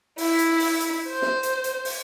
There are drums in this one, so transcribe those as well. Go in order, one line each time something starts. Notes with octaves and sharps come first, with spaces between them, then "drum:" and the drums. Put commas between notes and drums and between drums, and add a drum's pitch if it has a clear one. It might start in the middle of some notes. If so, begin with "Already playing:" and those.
E4, drum: open hi-hat
drum: hi-hat
drum: open hi-hat
drum: hi-hat
C5
drum: snare
drum: hi-hat
drum: hi-hat
drum: open hi-hat